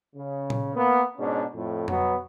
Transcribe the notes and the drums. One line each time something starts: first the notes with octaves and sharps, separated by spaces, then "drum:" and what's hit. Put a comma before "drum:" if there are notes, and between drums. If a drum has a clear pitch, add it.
C#3
drum: tom A#2
A#3 B3
G#2 B2 C#4 D4
F2 A2
B2 F#3 B3, drum: tom F2